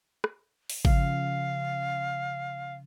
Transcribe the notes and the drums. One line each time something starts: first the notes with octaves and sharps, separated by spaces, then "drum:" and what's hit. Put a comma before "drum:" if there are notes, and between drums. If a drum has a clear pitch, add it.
drum: rim click
drum: open hi-hat
C#3 F3 F5, drum: kick G#1